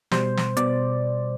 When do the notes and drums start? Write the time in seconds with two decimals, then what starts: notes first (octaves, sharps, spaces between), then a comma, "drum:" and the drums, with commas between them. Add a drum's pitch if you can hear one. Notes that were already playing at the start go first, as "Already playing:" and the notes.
0.11 B2 G3 C5, drum: snare
0.37 drum: snare
0.57 B2 D5, drum: hi-hat